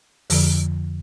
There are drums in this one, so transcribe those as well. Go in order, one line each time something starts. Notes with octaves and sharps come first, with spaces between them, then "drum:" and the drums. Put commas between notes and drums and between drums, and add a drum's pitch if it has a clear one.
F2 D3 F3, drum: open hi-hat